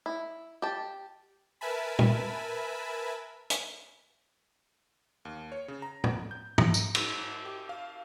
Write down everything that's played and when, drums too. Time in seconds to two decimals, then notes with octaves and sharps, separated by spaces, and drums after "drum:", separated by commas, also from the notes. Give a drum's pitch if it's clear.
0.06 E4
0.62 G4 A5
1.61 A#4 B4 E5 G#5 A5 B5
1.99 drum: tom
3.50 drum: hi-hat
5.25 D#2
5.52 C#5
5.68 C#3
5.82 A#5
6.04 drum: tom
6.31 G6
6.58 A#5, drum: tom
6.74 drum: tambourine
6.95 G#2, drum: cymbal
7.45 G4
7.69 F5